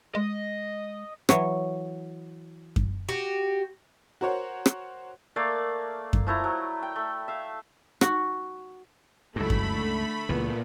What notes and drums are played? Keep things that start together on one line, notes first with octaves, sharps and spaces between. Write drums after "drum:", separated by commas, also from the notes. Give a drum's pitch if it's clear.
G#3 D#5
E3 F#3 C#5, drum: rim click
drum: kick F#2
F#4 G4
F#4 A#4 C5 C#5 F#5
drum: rim click
A3 A#3 D5 F5
drum: kick F#2
F3 A3 E4 A#5
F#3
G5
A3
E5 F5
F#4, drum: rim click
C#2 G2 F#3 A3 E4 B5
drum: kick F#2
D3
C#2 A#2 E3 B3